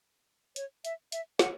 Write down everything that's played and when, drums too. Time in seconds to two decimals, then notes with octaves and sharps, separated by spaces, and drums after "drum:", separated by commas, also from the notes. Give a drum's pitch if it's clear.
0.56 C#5, drum: hi-hat
0.85 E5, drum: hi-hat
1.12 E5, drum: hi-hat
1.39 F#5, drum: snare